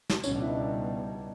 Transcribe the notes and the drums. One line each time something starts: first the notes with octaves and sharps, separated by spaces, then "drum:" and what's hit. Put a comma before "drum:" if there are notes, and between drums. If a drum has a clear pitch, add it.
drum: snare
C#2 B2 G3 C#4, drum: tambourine
D4
E4
D#4
D4
D#4